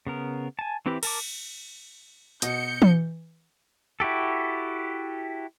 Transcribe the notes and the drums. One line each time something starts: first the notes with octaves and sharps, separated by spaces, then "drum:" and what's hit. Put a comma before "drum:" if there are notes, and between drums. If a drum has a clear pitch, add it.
C#3 B3 A#4
G#5 A5
E3 C4 E4 G4 B4
A#4 A5 D6, drum: cymbal
B2 F#4 D#5 G6 C#7, drum: hi-hat
drum: tom E3
E4 F#4 G4 A4